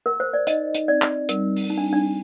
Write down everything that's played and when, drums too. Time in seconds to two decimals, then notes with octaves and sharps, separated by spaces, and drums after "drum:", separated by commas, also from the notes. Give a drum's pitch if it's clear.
0.06 A#4
0.20 C5
0.33 D5
0.47 D#4 D#5, drum: hi-hat
0.75 drum: hi-hat
0.88 C4 D5
1.02 drum: clap
1.29 G3 A#4, drum: hi-hat
1.56 drum: open hi-hat
1.70 G3 D#4
1.78 D4
1.93 D4